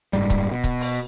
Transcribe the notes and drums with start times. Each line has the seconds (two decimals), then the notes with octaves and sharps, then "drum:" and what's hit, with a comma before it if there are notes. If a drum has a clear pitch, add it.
0.13 F#1 G#2 G3, drum: hi-hat
0.30 drum: kick C#1, hi-hat
0.51 B2
0.64 drum: kick C#1, hi-hat
0.81 drum: open hi-hat